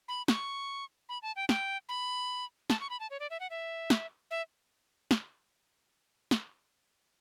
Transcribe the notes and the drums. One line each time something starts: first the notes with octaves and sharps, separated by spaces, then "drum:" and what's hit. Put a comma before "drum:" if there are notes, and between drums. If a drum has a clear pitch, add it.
B5
C#6, drum: snare
B5
A5
G5
G5, drum: snare
B5
A5, drum: snare
C#6
B5
A5
C#5
D5
E5
F#5
E5
drum: snare
E5
drum: snare
drum: snare